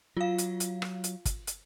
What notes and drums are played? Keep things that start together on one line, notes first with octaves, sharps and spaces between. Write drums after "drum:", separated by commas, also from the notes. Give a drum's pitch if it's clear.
F#3 F4 F5
drum: hi-hat
drum: hi-hat
drum: rim click
drum: hi-hat
drum: kick, hi-hat
drum: hi-hat